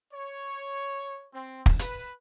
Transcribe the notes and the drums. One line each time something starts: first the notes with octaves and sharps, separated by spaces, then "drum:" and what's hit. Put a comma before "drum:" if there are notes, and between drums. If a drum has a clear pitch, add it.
C#5
C4
drum: kick
B4, drum: hi-hat